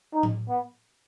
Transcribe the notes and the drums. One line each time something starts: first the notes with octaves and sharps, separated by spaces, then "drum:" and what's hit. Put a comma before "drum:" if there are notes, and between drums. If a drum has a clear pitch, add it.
D#4
drum: tom A2
B3